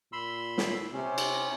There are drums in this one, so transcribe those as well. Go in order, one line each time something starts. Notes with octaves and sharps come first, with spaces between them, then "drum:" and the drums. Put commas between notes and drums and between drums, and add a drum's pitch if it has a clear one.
A#2 B5 C6 E6
drum: snare
C3 C#4
drum: cymbal